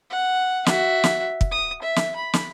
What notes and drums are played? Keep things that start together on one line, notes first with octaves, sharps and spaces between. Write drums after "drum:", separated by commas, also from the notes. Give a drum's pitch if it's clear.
F#5
F#4 E5, drum: snare
drum: snare
drum: kick
D#6
E5
drum: snare
B5
drum: snare